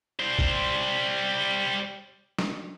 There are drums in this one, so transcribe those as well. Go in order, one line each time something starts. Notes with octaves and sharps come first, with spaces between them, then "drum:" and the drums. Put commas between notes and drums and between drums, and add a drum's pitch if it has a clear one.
G3 C5
drum: kick
drum: snare